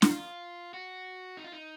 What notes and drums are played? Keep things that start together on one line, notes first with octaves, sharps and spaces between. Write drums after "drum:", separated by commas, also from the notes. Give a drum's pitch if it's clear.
F#4, drum: snare
F4
F#4
D#4
F4
D#4